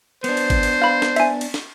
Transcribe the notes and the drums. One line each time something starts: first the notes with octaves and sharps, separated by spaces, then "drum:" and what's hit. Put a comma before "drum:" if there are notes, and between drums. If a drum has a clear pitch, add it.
B3 D4 C5, drum: cymbal
drum: cymbal
drum: kick, cymbal
drum: cymbal
F5 B5
drum: snare
E5 G#5, drum: cymbal
drum: cymbal
drum: snare